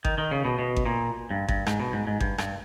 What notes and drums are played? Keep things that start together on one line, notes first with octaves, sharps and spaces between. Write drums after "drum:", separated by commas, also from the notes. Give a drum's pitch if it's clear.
D#3, drum: kick G#1
D#3
C#3
B2
B2
drum: kick G#1
A#2
G2
G2, drum: kick G#1
G#2, drum: rim click
B2
G#2
G#2
G2, drum: kick G#1
G2, drum: rim click